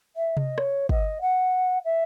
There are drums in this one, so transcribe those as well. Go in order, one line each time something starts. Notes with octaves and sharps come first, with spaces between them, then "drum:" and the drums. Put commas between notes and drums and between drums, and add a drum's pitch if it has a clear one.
E5
D#5, drum: tom C3
C#5, drum: rim click
D#5, drum: kick
F#5
E5